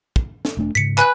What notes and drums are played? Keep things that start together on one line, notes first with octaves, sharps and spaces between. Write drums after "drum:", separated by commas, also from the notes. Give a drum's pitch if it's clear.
drum: kick
drum: snare
E1 A3 D4
G#2 C#3 B6 C#7
B4 G#5 F#6, drum: clap